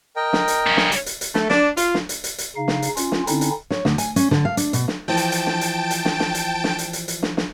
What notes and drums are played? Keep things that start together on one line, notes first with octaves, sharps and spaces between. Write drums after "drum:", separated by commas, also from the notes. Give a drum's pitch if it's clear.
A#4 D#5 G5
drum: snare
drum: hi-hat
G2 C#4
drum: snare
drum: hi-hat
drum: hi-hat
drum: hi-hat
A3, drum: snare
D4, drum: snare
F4, drum: hi-hat
drum: snare
drum: hi-hat
drum: hi-hat
drum: hi-hat
C#3 D#4 F5
drum: snare
drum: hi-hat
C#4 F4, drum: hi-hat
drum: snare
D3 C4 C#4 D#4 E4, drum: hi-hat
drum: hi-hat
C#5, drum: snare
D2, drum: snare
G#5, drum: hi-hat
C#4, drum: hi-hat
D3, drum: snare
F5
D4, drum: hi-hat
B2, drum: hi-hat
drum: snare
E3 F3 G5 A5 D7
drum: hi-hat
drum: hi-hat
drum: snare
drum: hi-hat
drum: hi-hat
drum: snare
drum: snare
drum: hi-hat
drum: snare
drum: hi-hat
drum: hi-hat
drum: hi-hat
drum: snare
drum: snare